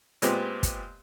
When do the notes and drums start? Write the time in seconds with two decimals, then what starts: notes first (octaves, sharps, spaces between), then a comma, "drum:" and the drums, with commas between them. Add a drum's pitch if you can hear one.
0.22 A#2 G#3 B3 C4 G4, drum: hi-hat
0.63 drum: kick, hi-hat